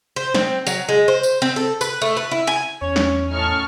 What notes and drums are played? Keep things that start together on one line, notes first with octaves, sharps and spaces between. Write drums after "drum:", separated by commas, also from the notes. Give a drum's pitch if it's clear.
C5
C4, drum: snare
F#3, drum: tambourine
G#3
C5
drum: tambourine
C4
A4
B4, drum: tambourine
A3
B4
E4
G#5
E2 C#4 C#5
drum: snare
A2 D#4 A5 C#6 F6